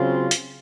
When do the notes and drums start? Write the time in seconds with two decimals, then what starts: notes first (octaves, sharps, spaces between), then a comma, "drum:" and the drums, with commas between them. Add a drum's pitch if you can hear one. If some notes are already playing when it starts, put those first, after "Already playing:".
Already playing: C#3 F#3 C4 F4
0.31 drum: hi-hat